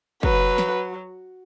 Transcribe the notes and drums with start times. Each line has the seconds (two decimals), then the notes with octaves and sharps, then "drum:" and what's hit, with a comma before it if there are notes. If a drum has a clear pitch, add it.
0.23 F#3 B4, drum: kick
0.58 drum: snare